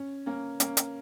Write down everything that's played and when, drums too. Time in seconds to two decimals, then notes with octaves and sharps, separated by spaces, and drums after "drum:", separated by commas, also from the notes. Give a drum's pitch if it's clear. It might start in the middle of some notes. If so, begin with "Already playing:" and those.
Already playing: C#4
0.26 A#3 C#4
0.60 A#3 C#4, drum: hi-hat
0.77 drum: hi-hat